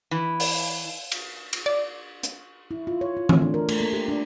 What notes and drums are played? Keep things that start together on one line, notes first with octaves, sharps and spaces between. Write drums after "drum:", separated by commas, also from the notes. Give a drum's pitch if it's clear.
E3
drum: open hi-hat
drum: cymbal
drum: cymbal
D5
drum: hi-hat
E4
F4
C#5
F4
A3, drum: tom E3
D4
A#4
A3, drum: cymbal
A#3
G4
D4